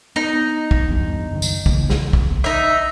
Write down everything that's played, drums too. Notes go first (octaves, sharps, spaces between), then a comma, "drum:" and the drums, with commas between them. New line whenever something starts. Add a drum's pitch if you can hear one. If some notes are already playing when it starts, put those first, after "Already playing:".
B3 D#4
drum: kick
E2 G2
F#1 D#3
drum: tambourine
C#3 E3 A#3, drum: kick
drum: snare
drum: kick
D#4 E5